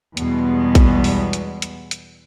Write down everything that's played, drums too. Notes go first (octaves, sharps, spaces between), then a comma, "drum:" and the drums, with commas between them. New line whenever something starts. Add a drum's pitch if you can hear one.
E2 B2 G3 G#3 B3, drum: hi-hat
drum: kick A#1, hi-hat
drum: open hi-hat
drum: hi-hat
drum: hi-hat
drum: hi-hat